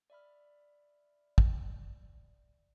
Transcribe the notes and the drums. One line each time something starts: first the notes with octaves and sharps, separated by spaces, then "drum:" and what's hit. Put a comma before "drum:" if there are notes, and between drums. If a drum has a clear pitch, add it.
D5 E5 B5 F6
drum: kick